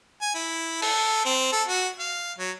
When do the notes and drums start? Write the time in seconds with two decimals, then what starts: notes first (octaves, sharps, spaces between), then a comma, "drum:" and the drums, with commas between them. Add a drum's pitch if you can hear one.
0.21 G#5
0.35 E4
0.82 A4, drum: cymbal
1.25 C4
1.52 A4
1.68 F#4
1.99 F5
2.38 F#3